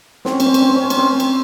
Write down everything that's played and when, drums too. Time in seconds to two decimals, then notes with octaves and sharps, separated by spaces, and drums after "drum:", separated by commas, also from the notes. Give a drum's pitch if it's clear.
0.25 C4, drum: snare
0.32 C#4
0.40 C4, drum: cymbal
0.46 C#4
0.54 C4, drum: cymbal
0.62 C#4
0.69 C4
0.76 C#4
0.84 C4
0.90 C#4, drum: cymbal
0.98 C4
1.20 drum: cymbal